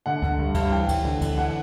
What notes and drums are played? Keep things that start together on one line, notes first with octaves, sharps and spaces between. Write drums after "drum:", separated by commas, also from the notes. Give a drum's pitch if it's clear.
D3 F#5
D3, drum: kick C#2
G2
G2, drum: kick C#2, cymbal
E3 G5
E3, drum: kick C#2, cymbal
D3
D3, drum: kick C#2, cymbal
E3 F#5